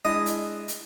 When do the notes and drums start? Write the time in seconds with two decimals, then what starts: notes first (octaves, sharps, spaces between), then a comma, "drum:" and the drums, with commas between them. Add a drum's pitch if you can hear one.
0.05 G#3 D4 E4 D#5
0.26 drum: hi-hat
0.68 drum: hi-hat